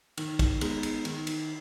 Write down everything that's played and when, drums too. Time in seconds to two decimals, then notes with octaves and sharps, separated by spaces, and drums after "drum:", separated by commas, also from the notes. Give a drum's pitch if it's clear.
0.17 D#3, drum: cymbal
0.39 drum: kick, cymbal
0.61 G#3 B3 D#4, drum: cymbal
0.83 drum: cymbal
1.05 D#3, drum: cymbal
1.27 drum: cymbal